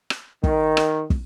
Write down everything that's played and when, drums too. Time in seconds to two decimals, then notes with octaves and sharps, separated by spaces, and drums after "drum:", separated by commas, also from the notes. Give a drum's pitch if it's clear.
0.10 drum: rim click
0.44 D#3, drum: kick
0.77 drum: rim click
1.10 drum: kick